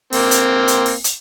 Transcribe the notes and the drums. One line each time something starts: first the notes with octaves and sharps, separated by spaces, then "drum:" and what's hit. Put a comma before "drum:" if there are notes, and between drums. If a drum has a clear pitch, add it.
A#3 C4, drum: open hi-hat
drum: hi-hat
drum: hi-hat
drum: open hi-hat
drum: hi-hat